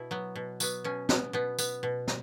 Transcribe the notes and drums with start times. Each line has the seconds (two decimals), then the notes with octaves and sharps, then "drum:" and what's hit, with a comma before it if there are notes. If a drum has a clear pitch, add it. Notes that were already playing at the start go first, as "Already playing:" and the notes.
Already playing: B2 E4
0.11 F#3 B3
0.36 B2
0.60 F#3 B3, drum: tambourine
0.84 B2 C#4
1.09 B3, drum: snare
1.33 B2 B3
1.59 B3, drum: tambourine
1.83 B2
2.08 drum: snare